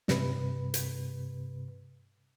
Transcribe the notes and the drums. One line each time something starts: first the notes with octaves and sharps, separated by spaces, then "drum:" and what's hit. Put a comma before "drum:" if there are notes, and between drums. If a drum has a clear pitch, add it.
G2 C3 B4, drum: snare
drum: hi-hat